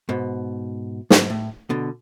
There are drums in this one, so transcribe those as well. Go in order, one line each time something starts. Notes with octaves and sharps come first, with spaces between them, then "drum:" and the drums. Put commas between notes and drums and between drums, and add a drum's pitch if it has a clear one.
G#2 B2
G#2, drum: snare
A2
B2 D3